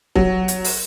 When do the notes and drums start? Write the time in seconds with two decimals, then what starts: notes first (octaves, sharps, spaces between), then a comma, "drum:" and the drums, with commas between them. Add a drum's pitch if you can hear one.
0.16 F#3, drum: kick
0.48 drum: hi-hat
0.64 drum: open hi-hat